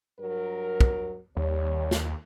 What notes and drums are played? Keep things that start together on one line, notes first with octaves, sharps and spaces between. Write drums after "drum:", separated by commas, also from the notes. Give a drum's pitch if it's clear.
G2 F#3 A#4
drum: kick
D#2 G3 C#5
drum: snare